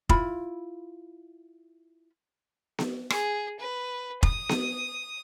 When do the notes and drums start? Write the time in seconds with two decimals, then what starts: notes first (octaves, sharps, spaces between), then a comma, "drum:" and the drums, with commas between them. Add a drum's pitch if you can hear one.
0.09 E4 F4 B5, drum: kick F1
2.79 drum: snare B3
3.10 G#4, drum: rim click
3.59 B4
4.23 D#6, drum: kick F1
4.49 drum: snare B3